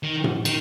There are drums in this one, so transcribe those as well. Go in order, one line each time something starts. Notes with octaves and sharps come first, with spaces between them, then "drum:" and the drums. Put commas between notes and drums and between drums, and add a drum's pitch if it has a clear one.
D#3
drum: tom A2
D#3, drum: cymbal